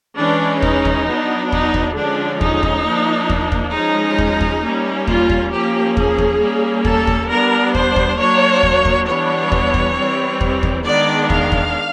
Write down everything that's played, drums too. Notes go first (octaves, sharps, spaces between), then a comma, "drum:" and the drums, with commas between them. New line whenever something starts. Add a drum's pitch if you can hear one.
E3 G#3 C#4 D4
D#4, drum: kick
drum: kick
F#3 B3 D4
D#4, drum: kick
drum: kick
D3 F3 G#3 C#4 D4
D#4, drum: kick
drum: kick
F3 A#3 D4
drum: kick
drum: kick
F3 G#3 C#4 D#4
drum: kick
drum: kick
G3 A#3 C#4
F4, drum: kick
drum: kick
F3 A#3 C#4 G4
G#4, drum: kick
drum: kick
G3 A#3 C#4
A4, drum: kick
drum: kick
G3 B3 D4 A#4
C5, drum: kick
drum: kick
F#3 A#3 D4 C#5
drum: kick
drum: kick
E3 G3 B3 D4 C#5
drum: kick
drum: kick
E3 G3 C4
drum: kick
drum: kick
D#3 G#3 B3 D4 D5
F5, drum: kick
drum: kick